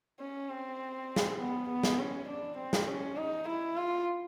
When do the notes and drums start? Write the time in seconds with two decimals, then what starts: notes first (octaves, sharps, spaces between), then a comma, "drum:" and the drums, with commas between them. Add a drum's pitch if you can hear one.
0.20 C#4
0.49 C4
1.16 drum: snare
1.39 B3
1.68 B3
1.83 drum: snare
1.98 C#4
2.29 D4
2.58 C4
2.73 drum: snare
2.88 C#4
3.17 D#4
3.48 E4
3.77 F4